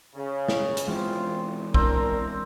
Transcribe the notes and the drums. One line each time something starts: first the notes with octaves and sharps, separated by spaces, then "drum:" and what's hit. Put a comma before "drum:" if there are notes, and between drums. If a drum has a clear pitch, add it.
C#3
drum: snare
drum: hi-hat
E3 G#3 C4 E4 F4
C4 D4 A#4, drum: kick